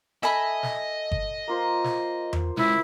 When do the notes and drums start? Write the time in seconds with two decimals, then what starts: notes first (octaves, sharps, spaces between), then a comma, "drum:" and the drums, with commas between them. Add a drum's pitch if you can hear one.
0.23 A4 D#5 E5 G#5 B5
0.63 drum: snare
1.12 drum: kick G1
1.48 A#3 F4 C5
1.84 drum: snare
2.33 drum: tom E2
2.57 C#3 G#3 E4, drum: snare